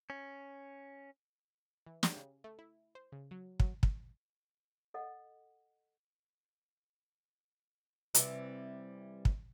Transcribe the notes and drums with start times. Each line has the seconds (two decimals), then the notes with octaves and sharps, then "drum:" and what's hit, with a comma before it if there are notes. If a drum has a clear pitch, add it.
0.10 C#4
1.86 E3
2.03 G4, drum: snare
2.16 C#3
2.44 A3
2.59 E4
2.95 C5
3.12 C#3
3.31 F#3
3.60 F#3, drum: kick
3.83 drum: kick
4.94 A4 D#5 F#5
8.15 C3 E3 G3, drum: hi-hat
9.25 drum: kick